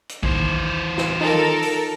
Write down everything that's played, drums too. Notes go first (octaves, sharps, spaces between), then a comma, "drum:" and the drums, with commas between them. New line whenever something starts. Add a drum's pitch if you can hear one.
drum: hi-hat
D#2 E3 C5, drum: kick A1
drum: snare
D#4 F4 A4 A#4
drum: open hi-hat